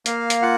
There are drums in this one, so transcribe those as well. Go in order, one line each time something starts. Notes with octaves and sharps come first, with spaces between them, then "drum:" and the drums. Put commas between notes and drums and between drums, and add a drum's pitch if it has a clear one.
A#3 F5, drum: hi-hat
drum: hi-hat
F4 F#5